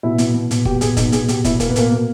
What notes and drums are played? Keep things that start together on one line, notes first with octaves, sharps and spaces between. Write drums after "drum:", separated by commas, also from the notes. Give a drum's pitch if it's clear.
B2 E4
B2, drum: hi-hat
B2
B2, drum: hi-hat
B2 G4, drum: kick
B2 G#4, drum: hi-hat
B2 D#4, drum: kick, hi-hat
B2 G#4, drum: hi-hat
B2 G4, drum: hi-hat
B2 E4, drum: kick, hi-hat
B2 A#3, drum: kick, hi-hat
B3
B2 A#3, drum: hi-hat
B2